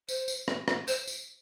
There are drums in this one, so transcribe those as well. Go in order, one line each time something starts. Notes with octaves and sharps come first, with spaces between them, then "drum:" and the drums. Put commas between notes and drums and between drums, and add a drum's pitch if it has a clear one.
C5, drum: tambourine
drum: tambourine
drum: rim click
drum: rim click
C5, drum: tambourine
drum: tambourine